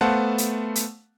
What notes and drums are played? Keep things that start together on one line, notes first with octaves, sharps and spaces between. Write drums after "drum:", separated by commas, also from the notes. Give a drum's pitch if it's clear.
A3 B3 C5 F5 F#5 A5
drum: hi-hat
drum: hi-hat